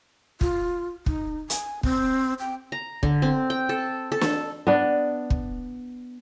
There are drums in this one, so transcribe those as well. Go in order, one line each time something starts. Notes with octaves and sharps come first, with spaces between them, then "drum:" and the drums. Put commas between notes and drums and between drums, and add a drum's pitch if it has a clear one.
F4, drum: kick
D#4, drum: kick
G#5, drum: hi-hat
C4, drum: kick
G5
A#5
D3, drum: kick
C4
G5
A4
A4
drum: snare
B3 D4
drum: kick